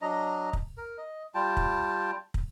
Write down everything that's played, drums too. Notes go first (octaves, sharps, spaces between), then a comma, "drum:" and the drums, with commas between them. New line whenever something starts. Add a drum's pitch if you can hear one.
F#3 D4 D#5 A#5
drum: kick
A#4
D#5
G3 F4 G5 A5
drum: kick
drum: kick